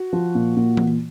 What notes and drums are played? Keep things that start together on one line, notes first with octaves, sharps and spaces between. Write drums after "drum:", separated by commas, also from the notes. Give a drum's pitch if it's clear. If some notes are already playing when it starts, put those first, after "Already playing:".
Already playing: F#4
F3
A#2
A#2
drum: tom E3